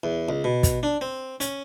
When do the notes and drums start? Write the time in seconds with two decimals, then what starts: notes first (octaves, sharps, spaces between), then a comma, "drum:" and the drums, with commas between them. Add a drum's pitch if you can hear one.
0.04 E2
0.29 C#2
0.44 B2
0.63 drum: kick, hi-hat
0.83 D4
1.01 C4
1.40 C#4, drum: hi-hat